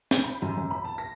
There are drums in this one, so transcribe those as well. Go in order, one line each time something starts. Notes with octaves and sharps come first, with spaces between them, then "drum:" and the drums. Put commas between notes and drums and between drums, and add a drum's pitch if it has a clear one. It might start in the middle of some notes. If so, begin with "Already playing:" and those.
G6, drum: snare
B5
F#2
F#2
B5
A5
A#6